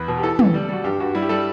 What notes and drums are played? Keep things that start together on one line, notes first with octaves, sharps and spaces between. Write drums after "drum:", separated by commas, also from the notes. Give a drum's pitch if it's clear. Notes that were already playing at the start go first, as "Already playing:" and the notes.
Already playing: E2 B4
B2
G4
E3 A4
E3, drum: tom
G3
G3 F#4
G2 G4
G2 F#4
G3 E4
G4
G3 A4